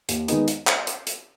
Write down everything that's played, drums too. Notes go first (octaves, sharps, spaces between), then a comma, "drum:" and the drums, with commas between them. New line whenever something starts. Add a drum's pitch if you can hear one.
D#2, drum: hi-hat
D#3 G#3 B3 D#4, drum: hi-hat
drum: hi-hat
drum: clap
drum: hi-hat
drum: hi-hat